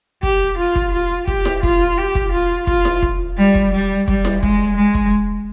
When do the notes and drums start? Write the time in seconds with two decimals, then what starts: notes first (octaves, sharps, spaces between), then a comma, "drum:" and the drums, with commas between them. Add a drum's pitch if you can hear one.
0.23 G4, drum: kick
0.58 F4
0.75 drum: kick
0.93 F4
1.27 G4, drum: kick
1.45 drum: snare E4
1.63 F4, drum: kick
1.98 G4
2.15 drum: kick
2.33 F4
2.67 F4, drum: kick
2.85 drum: snare E4
3.02 drum: kick
3.37 G3
3.55 drum: kick
3.72 G3
4.08 G3, drum: kick
4.25 drum: snare E4
4.43 G#3, drum: kick
4.76 G#3
4.94 drum: kick